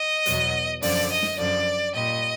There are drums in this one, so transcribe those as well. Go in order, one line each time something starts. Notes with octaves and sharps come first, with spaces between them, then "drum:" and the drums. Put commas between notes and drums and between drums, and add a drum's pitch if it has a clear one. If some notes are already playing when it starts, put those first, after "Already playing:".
Already playing: D#5
E2 B2 F#3, drum: hi-hat
F#2 D3 F3 D5, drum: open hi-hat
D#5
drum: snare
F#2 D3 F3 D5
A#2 G3 D#5